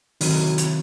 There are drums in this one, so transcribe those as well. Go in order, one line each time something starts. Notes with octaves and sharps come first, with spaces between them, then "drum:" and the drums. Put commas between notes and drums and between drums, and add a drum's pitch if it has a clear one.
C3 D#3 F#3 E4, drum: open hi-hat
drum: hi-hat